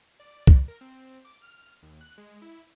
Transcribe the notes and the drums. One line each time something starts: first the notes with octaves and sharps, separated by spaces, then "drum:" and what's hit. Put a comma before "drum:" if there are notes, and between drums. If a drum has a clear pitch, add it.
D5
drum: kick
A#4
C4
D6
F6
D#2
F#6
G#3
E4